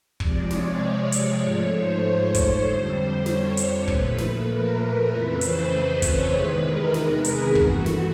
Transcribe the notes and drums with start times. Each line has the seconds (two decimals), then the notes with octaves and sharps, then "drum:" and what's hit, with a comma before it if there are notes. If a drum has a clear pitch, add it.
0.20 C3 F3 G#3 D5, drum: kick
0.51 C#5, drum: snare
0.81 C#5
1.12 D5, drum: hi-hat
1.43 G#2 F3 A3 C#5
1.73 C5
2.34 drum: kick, hi-hat
2.65 F2 D3 G3 C5
3.26 C#5, drum: snare
3.57 C5, drum: hi-hat
3.88 A#2 F3 A3 B4, drum: kick
4.18 drum: snare
4.49 A#4
5.10 F2 C#3 E3 A3 B4
5.41 C5, drum: hi-hat
5.72 C5
6.02 C#5, drum: kick, hi-hat
6.33 E2 C3 D#3 G#3 B4
6.64 A#4
6.94 drum: snare
7.24 G#4, drum: hi-hat
7.55 G2 E3 A3 F#4, drum: kick
7.86 drum: snare